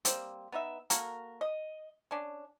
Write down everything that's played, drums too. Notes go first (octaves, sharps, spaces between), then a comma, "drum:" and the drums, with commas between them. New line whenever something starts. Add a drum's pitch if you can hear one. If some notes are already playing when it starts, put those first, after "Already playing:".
G3 A#3 C4, drum: hi-hat
B3 D#4 B4 E5
A#3 F#4 A4 A#4, drum: hi-hat
D#5
C#4 D4